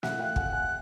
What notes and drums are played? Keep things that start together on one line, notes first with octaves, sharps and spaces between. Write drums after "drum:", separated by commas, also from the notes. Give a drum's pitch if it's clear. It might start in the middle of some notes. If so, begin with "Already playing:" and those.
E5 F#5 F#6, drum: snare
F5 G5
F#5 G#5, drum: kick
F#5 G#5